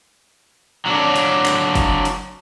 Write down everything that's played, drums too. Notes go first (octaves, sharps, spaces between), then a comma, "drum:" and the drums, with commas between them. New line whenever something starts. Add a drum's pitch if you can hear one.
F#3 D4
drum: hi-hat
drum: clap
drum: kick, hi-hat
drum: hi-hat